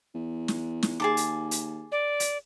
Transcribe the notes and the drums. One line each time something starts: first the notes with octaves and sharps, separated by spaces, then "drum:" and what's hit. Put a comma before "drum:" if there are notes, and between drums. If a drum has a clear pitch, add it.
E2
drum: snare
drum: snare
D#2 G#4 A5 D6
drum: hi-hat
drum: hi-hat
D5
drum: hi-hat